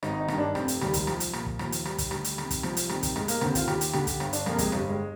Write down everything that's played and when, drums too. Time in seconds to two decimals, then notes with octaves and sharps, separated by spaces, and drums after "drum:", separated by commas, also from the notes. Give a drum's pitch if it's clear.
0.03 G#1 D#4, drum: rim click
0.21 D#4
0.28 G2 D#3, drum: rim click
0.38 D4
0.55 F1 C4, drum: rim click
0.68 drum: hi-hat
0.81 D#2 D#3 G3, drum: rim click
0.94 G3, drum: kick, hi-hat
1.07 C2 F3, drum: rim click
1.20 drum: hi-hat
1.33 A#2, drum: rim click
1.46 drum: kick
1.59 D#2 F3, drum: rim click
1.72 drum: hi-hat
1.85 D#3 G3, drum: rim click
1.98 drum: kick, hi-hat
2.11 D2 G3, drum: rim click
2.24 drum: hi-hat
2.38 C3 D#3, drum: rim click
2.51 drum: kick, hi-hat
2.63 C2 F3, drum: rim click
2.77 drum: hi-hat
2.89 C3 D#3 G3, drum: rim click
3.03 drum: kick, hi-hat
3.16 F1 G#3, drum: rim click
3.28 A#3, drum: hi-hat
3.41 D#2 D3 C4, drum: rim click
3.55 F4, drum: kick, hi-hat
3.68 D#2 G4, drum: rim click
3.81 drum: hi-hat
3.93 D3 G4, drum: rim click
4.07 drum: kick, hi-hat
4.20 G1, drum: rim click
4.33 D4, drum: hi-hat
4.46 F2 C3 A#3, drum: rim click
4.58 G#3, drum: kick, hi-hat
4.72 G1 G3, drum: rim click
4.89 G#3